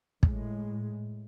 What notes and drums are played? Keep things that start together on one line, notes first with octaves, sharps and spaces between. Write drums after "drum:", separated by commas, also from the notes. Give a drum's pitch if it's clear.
A2 G#3, drum: kick